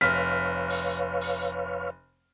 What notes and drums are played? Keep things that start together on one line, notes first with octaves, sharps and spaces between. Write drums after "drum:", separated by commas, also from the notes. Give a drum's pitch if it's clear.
F1 B4 C#5 F5 F6 B6
drum: open hi-hat
drum: open hi-hat